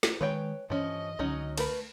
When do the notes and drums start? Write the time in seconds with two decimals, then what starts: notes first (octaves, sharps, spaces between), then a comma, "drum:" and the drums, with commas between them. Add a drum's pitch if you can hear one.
0.03 drum: snare
0.21 D#3 G#3 B4 C#5 G5
0.70 G2 E3 F3 C#4 D#5
1.19 C#2 D3 F#3 C#4 D#4
1.58 A3 A#4 B4, drum: cymbal